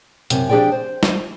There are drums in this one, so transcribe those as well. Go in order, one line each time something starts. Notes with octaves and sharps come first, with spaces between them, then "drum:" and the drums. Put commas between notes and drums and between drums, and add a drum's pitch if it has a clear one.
F#2 C3, drum: hi-hat
F3 D4 G4 G#4 D5 G5
C5
drum: snare